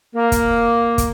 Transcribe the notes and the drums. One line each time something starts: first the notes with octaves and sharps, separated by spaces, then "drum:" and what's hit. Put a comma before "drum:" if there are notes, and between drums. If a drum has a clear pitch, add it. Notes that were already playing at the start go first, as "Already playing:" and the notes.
A#3
drum: kick, hi-hat
drum: kick, hi-hat